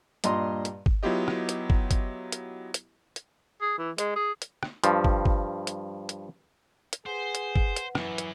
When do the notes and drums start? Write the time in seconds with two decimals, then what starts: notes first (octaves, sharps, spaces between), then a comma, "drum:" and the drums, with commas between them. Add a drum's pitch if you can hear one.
0.24 G2 A#2 D#5 A#5 C6, drum: hi-hat
0.65 drum: hi-hat
0.86 drum: kick
1.03 F#3 B3 E4 F4 G4 D#5
1.28 drum: rim click
1.49 drum: hi-hat
1.70 drum: kick
1.91 drum: kick, hi-hat
2.32 drum: hi-hat
2.74 drum: hi-hat
3.16 drum: hi-hat
3.61 G#4
3.78 E3
3.98 G#3, drum: hi-hat
4.16 G#4
4.42 drum: hi-hat
4.63 drum: rim click
4.84 G2 F3, drum: hi-hat
5.04 drum: kick
5.25 drum: kick
5.67 drum: hi-hat
6.09 drum: hi-hat
6.93 drum: hi-hat
7.06 G#4 B4 C5 F#5
7.35 drum: hi-hat
7.56 drum: kick
7.76 drum: hi-hat
7.95 F#2 E3, drum: rim click
8.18 drum: hi-hat